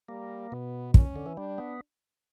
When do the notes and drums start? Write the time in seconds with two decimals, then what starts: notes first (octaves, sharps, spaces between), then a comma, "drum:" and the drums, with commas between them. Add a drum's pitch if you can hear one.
0.09 G3 A#3
0.51 B2 B3
0.94 A#2 C#4, drum: kick
1.16 D3
1.26 E3
1.37 G3 D4
1.58 B3